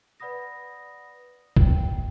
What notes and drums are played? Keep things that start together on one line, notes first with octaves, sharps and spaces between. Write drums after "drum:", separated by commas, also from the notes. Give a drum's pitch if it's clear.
B4 D5 F#5 B5 D#6 A#6
G4 G5, drum: kick